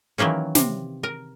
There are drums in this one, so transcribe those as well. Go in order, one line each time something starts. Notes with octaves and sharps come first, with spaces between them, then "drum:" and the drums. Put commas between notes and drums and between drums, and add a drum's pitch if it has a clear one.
D#3 E3 F#3 A#3 C#4
C3, drum: snare
A#4